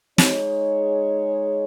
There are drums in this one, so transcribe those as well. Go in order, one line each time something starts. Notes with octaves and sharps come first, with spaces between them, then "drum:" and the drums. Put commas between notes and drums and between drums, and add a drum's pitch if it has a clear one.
G#3 D#4 G#4 C#5, drum: snare